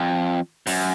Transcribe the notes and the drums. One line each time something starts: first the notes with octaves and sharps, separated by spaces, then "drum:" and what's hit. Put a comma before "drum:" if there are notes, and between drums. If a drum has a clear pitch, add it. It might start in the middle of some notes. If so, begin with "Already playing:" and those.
Already playing: F2
F#2, drum: open hi-hat